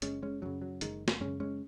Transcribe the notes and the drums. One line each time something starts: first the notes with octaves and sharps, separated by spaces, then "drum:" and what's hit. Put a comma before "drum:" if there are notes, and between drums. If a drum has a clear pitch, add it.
F#1 G#3 C#4, drum: hi-hat
G#3 C#4
F#2 C#3 F#3
F#3
F#1 D#3 G#3, drum: hi-hat
drum: snare
F#2 C#3 G#3 C#4
G#3 C#4